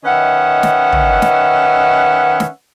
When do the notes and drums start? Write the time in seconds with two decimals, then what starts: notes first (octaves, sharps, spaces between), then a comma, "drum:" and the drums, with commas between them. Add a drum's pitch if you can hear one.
0.04 D#3 C#4 B4 D#5 E5 F#5
0.63 drum: snare
0.93 drum: tom
1.22 drum: snare
2.40 drum: snare